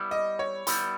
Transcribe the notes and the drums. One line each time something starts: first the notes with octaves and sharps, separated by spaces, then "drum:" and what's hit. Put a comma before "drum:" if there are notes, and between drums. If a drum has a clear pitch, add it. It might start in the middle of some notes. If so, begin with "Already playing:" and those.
Already playing: G3 B3 E4
D#5
C#5
G3 B3 E4, drum: hi-hat